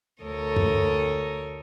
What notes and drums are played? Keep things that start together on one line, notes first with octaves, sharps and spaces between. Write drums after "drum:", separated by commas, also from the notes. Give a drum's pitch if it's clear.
D2 A4 A#4 C#5 D#6
drum: tom F#2